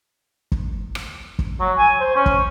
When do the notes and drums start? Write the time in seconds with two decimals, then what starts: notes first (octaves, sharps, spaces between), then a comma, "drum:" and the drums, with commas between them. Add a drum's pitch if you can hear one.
0.52 drum: kick
0.95 drum: rim click
1.39 drum: kick
1.60 F#3
1.78 G#5
2.01 C5
2.16 C#4
2.26 drum: kick